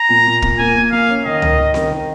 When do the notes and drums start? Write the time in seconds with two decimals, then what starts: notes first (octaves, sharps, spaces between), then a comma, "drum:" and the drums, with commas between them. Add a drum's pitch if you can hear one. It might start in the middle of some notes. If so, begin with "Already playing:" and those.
Already playing: A#5
0.09 A#2
0.27 A#2
0.42 A#2, drum: kick
0.59 A#3 G#5
0.76 A#3
0.92 A#3 F5
1.09 C#4
1.25 D#3 D#5
1.42 D#3, drum: tom C#2
1.58 D#3
1.74 D#3, drum: snare C4
1.91 D#3